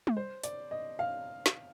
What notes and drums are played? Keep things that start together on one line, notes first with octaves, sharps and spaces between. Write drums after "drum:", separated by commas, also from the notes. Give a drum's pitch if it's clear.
drum: tom
C5
D5, drum: hi-hat
D#5
F5
drum: snare